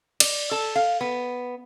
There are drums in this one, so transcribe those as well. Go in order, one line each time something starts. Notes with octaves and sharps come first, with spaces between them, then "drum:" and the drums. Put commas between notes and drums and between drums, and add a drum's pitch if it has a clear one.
D5, drum: cymbal
A4
F5
B3